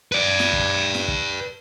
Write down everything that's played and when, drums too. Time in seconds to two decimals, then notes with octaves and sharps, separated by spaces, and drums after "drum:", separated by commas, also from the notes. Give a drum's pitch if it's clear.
0.12 B4 D5
0.39 drum: snare
0.53 drum: kick
0.94 drum: snare
1.08 drum: kick